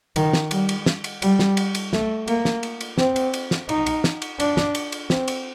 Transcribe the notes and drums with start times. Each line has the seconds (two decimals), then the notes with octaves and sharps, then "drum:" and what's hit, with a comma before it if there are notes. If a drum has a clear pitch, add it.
0.16 D#3, drum: cymbal
0.33 drum: snare
0.51 G3, drum: cymbal
0.69 drum: cymbal
0.86 drum: snare
1.04 drum: cymbal
1.22 G3, drum: cymbal
1.39 drum: snare
1.57 drum: cymbal
1.75 drum: cymbal
1.93 A3, drum: snare
2.28 A#3, drum: cymbal
2.45 drum: snare
2.63 drum: cymbal
2.81 drum: cymbal
2.98 C4, drum: snare
3.16 drum: cymbal
3.33 drum: cymbal
3.51 drum: snare
3.69 D#4, drum: cymbal
3.86 drum: cymbal
4.04 drum: snare
4.22 drum: cymbal
4.40 D4, drum: cymbal
4.57 drum: snare
4.75 drum: cymbal
4.92 drum: cymbal
5.10 C4, drum: snare
5.28 drum: cymbal